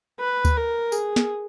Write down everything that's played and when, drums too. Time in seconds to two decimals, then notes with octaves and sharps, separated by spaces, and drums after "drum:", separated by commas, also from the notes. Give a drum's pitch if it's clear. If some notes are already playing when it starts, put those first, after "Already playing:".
0.20 B4
0.45 drum: kick D2, tambourine
0.57 A#4
0.92 G#4, drum: tambourine
1.16 drum: snare